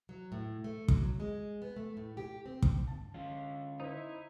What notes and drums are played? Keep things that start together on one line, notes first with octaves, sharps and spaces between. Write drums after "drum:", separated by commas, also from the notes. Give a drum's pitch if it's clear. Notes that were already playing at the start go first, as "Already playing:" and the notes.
F#3
A2
A3
F#3, drum: kick
G#3
B3
A3
A2
G4
C4
drum: kick
G2 A5
D3 C#4 F4
D#4 E4 C5